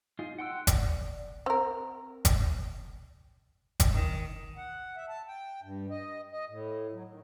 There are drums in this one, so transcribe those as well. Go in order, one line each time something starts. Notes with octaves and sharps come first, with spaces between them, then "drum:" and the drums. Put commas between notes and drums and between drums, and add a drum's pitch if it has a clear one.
D#4 F4 G#4
F#5 G5 C6 E6 F#6
D5, drum: kick, hi-hat
C4 A#4
drum: kick, hi-hat
drum: kick, hi-hat
D#3
F#5
E5
A5
G5
G2
D#5
D#5
A2
F#3
D#3